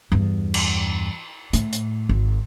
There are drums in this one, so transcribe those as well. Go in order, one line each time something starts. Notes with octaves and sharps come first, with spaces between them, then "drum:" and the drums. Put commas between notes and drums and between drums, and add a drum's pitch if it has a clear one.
E2 G2
drum: cymbal
A2, drum: hi-hat
drum: hi-hat
G#1